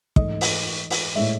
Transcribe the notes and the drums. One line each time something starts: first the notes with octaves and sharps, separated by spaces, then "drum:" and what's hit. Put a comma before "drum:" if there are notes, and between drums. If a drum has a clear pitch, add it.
G#2 E3 A3 D#5, drum: kick
drum: open hi-hat
drum: open hi-hat
A2 G#3 E5